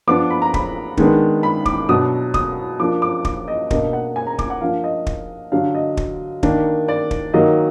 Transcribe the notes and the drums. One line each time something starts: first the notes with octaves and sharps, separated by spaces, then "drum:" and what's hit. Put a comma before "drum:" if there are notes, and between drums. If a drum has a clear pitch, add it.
F3 B3 D4 D6
B5
A#5
B5, drum: kick
D#3 G#3 B3 D4, drum: kick
B5
D6, drum: kick
B2 F#3 D4 D#6
D#6, drum: kick
F3 A#3 D4 D6
D6
D6, drum: kick
D#5
B2 A#3 D4 D#5, drum: kick
F#5
G#5
A#5
D6, drum: kick
F#5
F3 A#3 D4 F5
D#5
drum: kick
D3 F#3 D4 F5
D#5
drum: kick
D#3 A#3 D4, drum: kick
D5
drum: kick
D#3 F#3 A#3 D#5